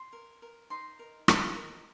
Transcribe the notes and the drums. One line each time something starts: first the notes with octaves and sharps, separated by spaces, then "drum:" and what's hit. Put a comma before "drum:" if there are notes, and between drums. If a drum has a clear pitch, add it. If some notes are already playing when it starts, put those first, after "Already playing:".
Already playing: C6
A#4
A#4
D#4 C6
A#4
D#5, drum: rim click
A#4